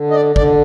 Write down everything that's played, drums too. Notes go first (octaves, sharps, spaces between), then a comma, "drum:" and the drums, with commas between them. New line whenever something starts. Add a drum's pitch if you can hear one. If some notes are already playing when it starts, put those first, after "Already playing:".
Already playing: D3
D#5
D5
D3 D5, drum: kick G#1